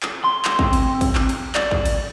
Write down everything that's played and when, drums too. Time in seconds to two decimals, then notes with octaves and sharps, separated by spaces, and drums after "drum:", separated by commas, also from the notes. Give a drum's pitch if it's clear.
0.03 drum: clap
0.24 C6
0.45 drum: clap
0.59 C4, drum: kick
0.73 drum: cymbal
1.01 drum: kick, cymbal
1.15 drum: clap
1.29 drum: cymbal
1.55 D5, drum: clap
1.71 drum: kick
1.85 drum: cymbal